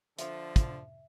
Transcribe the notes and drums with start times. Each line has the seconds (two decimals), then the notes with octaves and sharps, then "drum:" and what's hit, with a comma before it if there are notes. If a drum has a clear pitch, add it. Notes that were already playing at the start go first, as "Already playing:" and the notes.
0.19 D3 F3 E5, drum: hi-hat
0.56 drum: kick, hi-hat